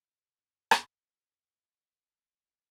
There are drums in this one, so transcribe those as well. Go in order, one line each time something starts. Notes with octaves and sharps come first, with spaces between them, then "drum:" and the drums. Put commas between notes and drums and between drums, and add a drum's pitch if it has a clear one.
C3
G2
drum: rim click
F2
D#1